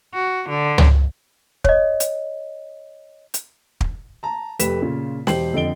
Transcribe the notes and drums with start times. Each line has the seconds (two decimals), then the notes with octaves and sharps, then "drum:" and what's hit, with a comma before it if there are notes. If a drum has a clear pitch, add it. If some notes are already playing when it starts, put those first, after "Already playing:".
0.14 F#4
0.50 D3
0.78 drum: tom C#2
1.64 C#5 D#5, drum: kick
2.00 drum: hi-hat
3.34 drum: hi-hat
3.81 drum: kick
4.23 A5 A#5
4.59 F1 A3 G4 B4 B6 E7, drum: hi-hat
4.82 A#2 C#3 F4
5.27 E1 G4 C5 G5 C7 F#7, drum: snare
5.54 F2 D3 D#5 D7 G7